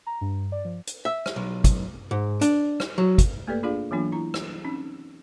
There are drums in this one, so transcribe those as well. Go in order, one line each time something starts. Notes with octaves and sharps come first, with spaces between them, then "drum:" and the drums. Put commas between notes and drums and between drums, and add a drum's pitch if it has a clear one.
A#5
G2
D5
F3
drum: hi-hat
E5
drum: rim click
B1
drum: kick, hi-hat
G#2
D4, drum: hi-hat
drum: rim click
F#3
drum: kick, hi-hat
A3 A#3 G4 A4 B4 D5
D4 F4 G#4 D5 F5
E3 F#3 A#3 B3 D4 F4
E4 A#5
drum: rim click
C4 C#4 D#4